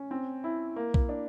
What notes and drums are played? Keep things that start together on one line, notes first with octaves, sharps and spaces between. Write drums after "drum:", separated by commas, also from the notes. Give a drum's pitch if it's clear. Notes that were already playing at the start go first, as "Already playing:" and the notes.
Already playing: C#4
C4
E4
A#3
drum: kick B1
D4